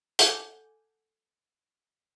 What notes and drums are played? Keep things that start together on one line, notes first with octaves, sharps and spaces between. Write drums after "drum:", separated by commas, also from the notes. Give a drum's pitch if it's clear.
A4 F#5 G#5 D6 G6, drum: hi-hat